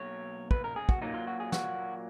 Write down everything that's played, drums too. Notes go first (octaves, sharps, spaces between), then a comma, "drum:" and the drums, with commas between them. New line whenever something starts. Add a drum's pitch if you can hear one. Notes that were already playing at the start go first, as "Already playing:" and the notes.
Already playing: B2 F#3 A#3 C#5
B4, drum: kick
A#4
G#4
F#4, drum: kick
A#2 F#3 A#3 D#4
F4
F#4
G#4
F#4, drum: snare